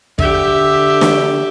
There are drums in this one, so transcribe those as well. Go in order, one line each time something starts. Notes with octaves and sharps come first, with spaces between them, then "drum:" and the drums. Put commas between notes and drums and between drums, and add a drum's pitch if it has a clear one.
D3 G4 E5, drum: kick
drum: snare